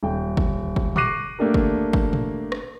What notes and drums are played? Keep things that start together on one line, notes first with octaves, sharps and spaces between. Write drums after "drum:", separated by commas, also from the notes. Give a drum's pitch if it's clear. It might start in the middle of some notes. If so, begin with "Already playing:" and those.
D#1 G5
drum: kick
drum: kick
C#6 D6 F#6 A#6 C7 D#7, drum: tom A2
A3 A#3 D4 G4 A#4
drum: kick
drum: kick
drum: tom A2
drum: rim click